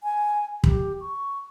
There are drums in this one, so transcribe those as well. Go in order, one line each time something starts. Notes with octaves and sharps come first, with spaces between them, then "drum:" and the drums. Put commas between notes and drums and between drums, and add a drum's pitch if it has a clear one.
G#5
G4, drum: kick
C#6